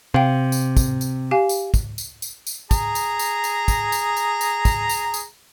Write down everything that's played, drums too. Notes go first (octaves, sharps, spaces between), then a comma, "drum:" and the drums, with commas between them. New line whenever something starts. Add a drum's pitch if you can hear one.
C3 F5 G5
drum: tambourine
drum: kick, tambourine
drum: tambourine
G4 F5 G#5
drum: tambourine
drum: kick, tambourine
drum: tambourine
drum: tambourine
drum: tambourine
G#4 A#5, drum: kick, tambourine
drum: tambourine
drum: tambourine
drum: tambourine
drum: kick, tambourine
drum: tambourine
drum: tambourine
drum: tambourine
drum: kick, tambourine
drum: tambourine
drum: tambourine